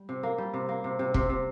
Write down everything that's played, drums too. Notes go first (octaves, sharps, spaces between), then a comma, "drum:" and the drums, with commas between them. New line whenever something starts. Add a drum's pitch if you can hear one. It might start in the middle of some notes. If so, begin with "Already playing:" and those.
Already playing: G3
C3
A#3
G3
C3
A#3
C3
C3
C3, drum: kick
C3